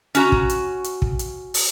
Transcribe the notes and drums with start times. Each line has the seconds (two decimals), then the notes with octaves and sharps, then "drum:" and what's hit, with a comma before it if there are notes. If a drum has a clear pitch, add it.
0.15 C#4 F#4 A#5, drum: hi-hat
0.32 drum: kick
0.50 drum: hi-hat
0.84 drum: hi-hat
1.02 drum: kick
1.19 drum: hi-hat
1.54 drum: open hi-hat